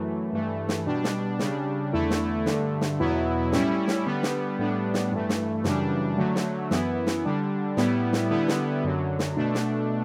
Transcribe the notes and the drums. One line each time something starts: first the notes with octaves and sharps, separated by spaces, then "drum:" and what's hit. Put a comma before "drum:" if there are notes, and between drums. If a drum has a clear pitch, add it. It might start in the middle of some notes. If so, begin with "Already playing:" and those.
Already playing: F#2 E3 A3
G2 E3 A3
drum: snare
B2 G3 D4
drum: snare
C#3 G3 D4, drum: snare
E2 D3 A3 E4
drum: snare
G2 D3 A3, drum: snare
drum: snare
E2 B2 F#3 B3 E4
A2 G3 C#4 E4, drum: snare
drum: snare
D3 G3 B3
drum: snare
A2 G3 B3 D4
drum: snare
G2 E3 A3
drum: snare
F#2 C#3 E3 G3 D4, drum: snare
D3 F#3 A3
drum: snare
F#2 E3 B3 E4, drum: snare
drum: snare
D3 G3 D4
A2 G3 B3 E4, drum: snare
drum: snare
D3 G3 B3 E4
drum: snare
F#2 D3 F#3
drum: snare
B2 A3 D4
drum: snare